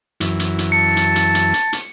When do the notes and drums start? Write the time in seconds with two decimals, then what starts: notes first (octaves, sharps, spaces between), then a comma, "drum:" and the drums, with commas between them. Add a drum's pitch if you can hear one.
0.20 F#2 E3, drum: hi-hat
0.39 drum: hi-hat
0.58 drum: hi-hat
0.72 A5 C#7
0.97 drum: hi-hat
1.16 drum: hi-hat
1.35 drum: hi-hat
1.54 drum: hi-hat
1.73 drum: hi-hat